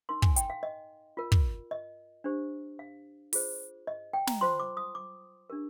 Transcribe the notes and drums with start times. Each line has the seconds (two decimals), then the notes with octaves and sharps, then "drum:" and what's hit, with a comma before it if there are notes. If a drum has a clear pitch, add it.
0.09 D#4 A#4 C6
0.22 G#5, drum: kick
0.36 G5, drum: hi-hat
0.50 F5
0.63 D#5
1.17 F4 A#4
1.32 drum: kick
1.71 D#5
2.24 D4 G4 C5
2.79 F5
3.33 F4 G#4 C5, drum: open hi-hat
3.87 D#5
4.13 G5
4.27 A#5, drum: snare
4.41 F4 C5 C6
4.60 D6
4.77 D#6
4.95 D6
5.50 D4 G4 A#4